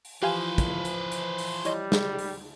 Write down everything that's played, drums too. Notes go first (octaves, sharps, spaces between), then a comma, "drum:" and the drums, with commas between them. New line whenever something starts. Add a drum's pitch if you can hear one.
drum: open hi-hat
E3 F3 G4 B4 C5 F5 G#5
drum: kick, hi-hat
drum: hi-hat
drum: hi-hat
drum: open hi-hat
G3 E4 C#5 D#5, drum: hi-hat
drum: snare
drum: open hi-hat